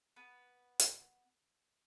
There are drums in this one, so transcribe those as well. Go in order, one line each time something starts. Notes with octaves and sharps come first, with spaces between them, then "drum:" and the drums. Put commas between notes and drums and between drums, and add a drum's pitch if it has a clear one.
B3 B4
drum: hi-hat